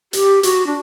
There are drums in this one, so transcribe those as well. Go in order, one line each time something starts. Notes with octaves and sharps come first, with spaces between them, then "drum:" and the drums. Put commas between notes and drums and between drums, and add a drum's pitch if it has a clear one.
G4, drum: hi-hat
F#4, drum: hi-hat
D4